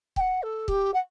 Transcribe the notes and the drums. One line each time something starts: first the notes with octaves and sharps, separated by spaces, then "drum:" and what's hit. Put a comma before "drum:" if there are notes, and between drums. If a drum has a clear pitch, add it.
G5, drum: kick
F#5
A4
G4, drum: kick
F#5